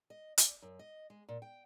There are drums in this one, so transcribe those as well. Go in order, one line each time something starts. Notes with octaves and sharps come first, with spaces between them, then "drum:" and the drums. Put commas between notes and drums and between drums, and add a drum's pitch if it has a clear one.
D#5
D5, drum: hi-hat
F#2
D#5
G#3
A#2
G5